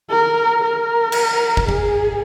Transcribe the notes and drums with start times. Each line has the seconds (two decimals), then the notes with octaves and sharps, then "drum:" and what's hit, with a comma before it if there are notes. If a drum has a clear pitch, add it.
0.10 A#4
0.63 A#4
1.12 drum: cymbal
1.57 drum: kick
1.69 G#4, drum: kick